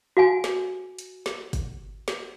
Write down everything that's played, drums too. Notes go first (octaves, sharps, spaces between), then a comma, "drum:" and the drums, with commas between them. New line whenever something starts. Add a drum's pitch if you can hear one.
F#4 F5 G#5
drum: snare
drum: hi-hat
drum: snare
drum: kick, hi-hat
drum: snare